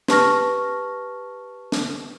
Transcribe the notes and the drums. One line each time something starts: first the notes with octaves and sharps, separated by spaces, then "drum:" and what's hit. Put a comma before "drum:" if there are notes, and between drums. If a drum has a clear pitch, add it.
G4 B4 A5 C#6 F6 A#6, drum: snare
drum: snare